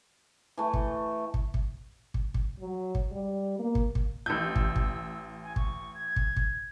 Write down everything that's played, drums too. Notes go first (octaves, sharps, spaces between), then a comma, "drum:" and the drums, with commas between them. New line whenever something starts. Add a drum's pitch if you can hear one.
E3 A3
drum: kick
drum: kick
drum: kick
drum: kick
drum: kick
F#3
drum: kick
G3
A#3
drum: kick
drum: kick
A1 E6 G6
drum: kick
drum: kick
G#5
C#6, drum: kick
G#6
drum: kick
drum: kick